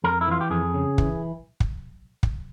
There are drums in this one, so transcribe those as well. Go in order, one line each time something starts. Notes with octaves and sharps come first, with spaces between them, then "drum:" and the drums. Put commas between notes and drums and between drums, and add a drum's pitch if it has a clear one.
F2 A#4
E4
E3 F4
G4
F2 G#4
C#3
E3, drum: kick
drum: kick
drum: kick